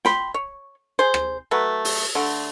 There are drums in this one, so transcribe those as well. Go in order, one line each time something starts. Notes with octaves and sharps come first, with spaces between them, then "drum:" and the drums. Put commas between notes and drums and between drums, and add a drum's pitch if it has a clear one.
G5 B5 C6, drum: snare
C#5
G#4 C5
drum: rim click
F#3 A3 B4
drum: open hi-hat
D3 A3